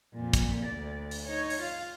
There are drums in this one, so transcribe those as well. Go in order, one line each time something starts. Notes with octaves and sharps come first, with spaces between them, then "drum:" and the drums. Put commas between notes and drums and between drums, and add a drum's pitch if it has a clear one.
F2 A#2
drum: kick, hi-hat
D2 D5
drum: open hi-hat
D#4 C#5
drum: open hi-hat
F4 F5